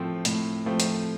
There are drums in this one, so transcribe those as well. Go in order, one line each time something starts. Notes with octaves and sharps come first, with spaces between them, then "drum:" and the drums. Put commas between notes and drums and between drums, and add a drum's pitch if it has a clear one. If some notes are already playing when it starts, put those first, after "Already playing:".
Already playing: A2 F3 A3 C4
A2, drum: hi-hat
F3 A3 C4
drum: hi-hat